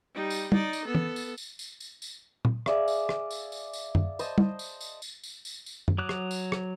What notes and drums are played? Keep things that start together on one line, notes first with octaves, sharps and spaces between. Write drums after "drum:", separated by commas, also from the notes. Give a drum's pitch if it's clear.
G3 D#4
drum: tambourine
D#4 D5, drum: tom
drum: tambourine
B3 A4
drum: tom
drum: tambourine
drum: tambourine
drum: tambourine
drum: tambourine
drum: tambourine
drum: tom
G#4 D5 E5 F5, drum: rim click
drum: tambourine
drum: rim click
drum: tambourine
drum: tambourine
drum: tambourine
drum: tom F#2
C5 D#5 A5, drum: tambourine
drum: tom
drum: tambourine
drum: tambourine
drum: tambourine
drum: tambourine
drum: tambourine
drum: tambourine
drum: tom F#2
F#3 D6 D#6 F#6
drum: rim click
drum: tambourine
drum: rim click